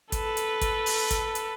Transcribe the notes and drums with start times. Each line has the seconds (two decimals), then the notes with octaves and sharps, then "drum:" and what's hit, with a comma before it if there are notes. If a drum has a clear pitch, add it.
0.12 A4 B4, drum: kick, hi-hat
0.37 drum: hi-hat
0.61 drum: kick, hi-hat
0.86 drum: open hi-hat
1.11 drum: kick, hi-hat
1.35 drum: hi-hat